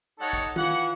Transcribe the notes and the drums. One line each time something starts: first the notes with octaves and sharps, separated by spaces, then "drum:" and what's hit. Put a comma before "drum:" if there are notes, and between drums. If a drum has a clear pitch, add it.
G3 D#4 A4 C#5 F#5
drum: kick
E3 F4 C#5 F5 F#5, drum: tom D#3